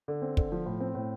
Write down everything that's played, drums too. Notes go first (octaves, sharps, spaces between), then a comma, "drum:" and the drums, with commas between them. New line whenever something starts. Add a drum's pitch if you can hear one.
D3
C4
D3, drum: kick
F3
A2
C4
A2